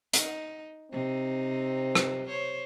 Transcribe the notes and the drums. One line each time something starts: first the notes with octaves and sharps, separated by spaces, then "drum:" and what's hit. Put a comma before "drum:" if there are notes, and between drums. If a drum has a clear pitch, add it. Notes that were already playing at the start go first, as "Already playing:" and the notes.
D#4, drum: hi-hat
C3 C4 D#4
drum: rim click
C5 C#5